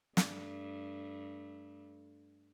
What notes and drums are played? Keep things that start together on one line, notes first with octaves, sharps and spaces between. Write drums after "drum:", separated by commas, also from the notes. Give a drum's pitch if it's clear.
G2 A3, drum: snare